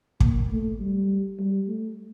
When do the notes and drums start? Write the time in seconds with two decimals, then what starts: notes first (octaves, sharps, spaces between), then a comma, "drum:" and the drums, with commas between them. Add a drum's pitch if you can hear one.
0.20 A#3, drum: kick
0.50 A3
0.80 G3
1.39 G3
1.68 A3